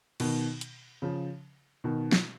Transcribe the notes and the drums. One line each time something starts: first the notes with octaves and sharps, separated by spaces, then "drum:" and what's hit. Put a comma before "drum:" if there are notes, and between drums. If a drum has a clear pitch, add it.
B2 D#3, drum: cymbal
drum: hi-hat
C#3 F3
B2 D#3
drum: snare